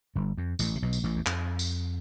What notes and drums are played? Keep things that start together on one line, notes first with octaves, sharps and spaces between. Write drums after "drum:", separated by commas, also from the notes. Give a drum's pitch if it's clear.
G1 G2
F2
A1 A2, drum: tambourine
C3
B1 B2
drum: tambourine
A1 A2
E2
F2, drum: clap
drum: tambourine